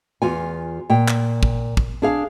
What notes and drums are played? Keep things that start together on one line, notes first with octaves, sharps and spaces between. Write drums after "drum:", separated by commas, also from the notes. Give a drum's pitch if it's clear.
E2 F4 G#5
A#2 G5
drum: clap
drum: kick
drum: kick
D4 G#4 F5